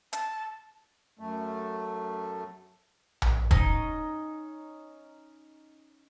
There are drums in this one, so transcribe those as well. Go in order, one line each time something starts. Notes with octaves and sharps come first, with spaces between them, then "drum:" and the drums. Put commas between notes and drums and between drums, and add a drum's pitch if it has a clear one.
A5, drum: hi-hat
F#2 A3
drum: tom A#1
C#4 D#4 D#5, drum: kick